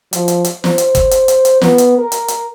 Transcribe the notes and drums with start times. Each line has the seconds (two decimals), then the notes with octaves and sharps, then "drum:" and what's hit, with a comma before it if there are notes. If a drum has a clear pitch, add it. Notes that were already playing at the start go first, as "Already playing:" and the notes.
0.13 F3, drum: hi-hat
0.28 drum: hi-hat
0.45 drum: hi-hat
0.64 C5, drum: snare
0.78 drum: hi-hat
0.95 drum: kick, hi-hat
1.11 drum: hi-hat
1.28 drum: hi-hat
1.45 drum: hi-hat
1.61 B3, drum: snare
1.78 drum: hi-hat
1.98 A#4
2.12 drum: hi-hat
2.28 drum: hi-hat